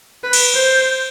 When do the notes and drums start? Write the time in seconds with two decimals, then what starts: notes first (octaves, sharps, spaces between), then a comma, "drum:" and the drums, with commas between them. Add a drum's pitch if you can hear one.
0.23 B4
0.33 drum: cymbal
0.54 C5